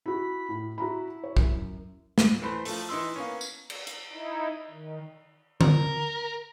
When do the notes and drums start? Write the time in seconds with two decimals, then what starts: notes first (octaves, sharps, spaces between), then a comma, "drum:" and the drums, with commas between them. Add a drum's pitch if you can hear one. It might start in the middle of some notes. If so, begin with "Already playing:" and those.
0.06 E4 F#4 B5
0.49 A2
0.78 E4 F#4 A#5 B5
1.24 C#5
1.37 F#2, drum: kick
2.18 drum: snare
2.42 E3 A3 B4 C5
2.65 F3 A3, drum: open hi-hat
2.89 E3 D#4 E4 C6 E6
3.16 A#3 B3 C#4
3.41 drum: tambourine
3.70 drum: cymbal
3.87 drum: hi-hat
4.11 D#4 E4
4.71 D#3
5.61 A#4, drum: tom D3